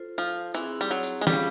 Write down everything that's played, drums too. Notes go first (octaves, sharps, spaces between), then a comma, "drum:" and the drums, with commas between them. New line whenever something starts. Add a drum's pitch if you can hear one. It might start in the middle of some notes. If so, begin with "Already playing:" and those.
Already playing: F4 A4 C5
F3
E3 C4 E4 G#4, drum: tambourine
G3, drum: tambourine
F#3
drum: tambourine
G#3
G3 C#4 F4 G#4 C5 F5, drum: snare